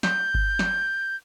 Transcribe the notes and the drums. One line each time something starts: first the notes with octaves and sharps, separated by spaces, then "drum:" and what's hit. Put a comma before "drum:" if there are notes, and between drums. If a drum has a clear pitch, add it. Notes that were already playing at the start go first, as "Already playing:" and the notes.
G6, drum: snare
drum: kick G1
drum: snare